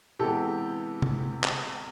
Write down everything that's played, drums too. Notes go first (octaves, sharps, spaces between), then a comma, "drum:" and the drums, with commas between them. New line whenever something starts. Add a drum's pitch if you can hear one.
C3 E3 G#3 B3 G4 A4
drum: tom C3
drum: clap